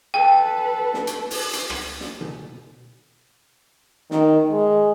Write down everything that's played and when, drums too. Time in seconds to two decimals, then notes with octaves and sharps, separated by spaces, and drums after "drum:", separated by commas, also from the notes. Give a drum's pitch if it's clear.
0.14 A4 B4 G5
0.94 drum: snare
1.07 drum: hi-hat
1.31 drum: open hi-hat
1.53 drum: hi-hat
1.70 drum: rim click
2.01 drum: snare
2.21 drum: tom B2
4.11 D#3, drum: snare
4.51 G#3